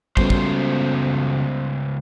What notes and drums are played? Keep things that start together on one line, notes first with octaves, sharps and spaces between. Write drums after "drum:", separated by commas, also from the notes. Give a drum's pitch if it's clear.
C#2 C#3 G3 B3 C#4 F#4 A4 C5, drum: kick
drum: kick